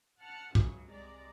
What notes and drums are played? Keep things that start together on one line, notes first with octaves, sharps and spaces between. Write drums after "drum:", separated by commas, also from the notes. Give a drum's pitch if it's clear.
F#5 A5 F6
C#2 F#2 C#3 F#3, drum: kick
C2 G#3 D5 A#5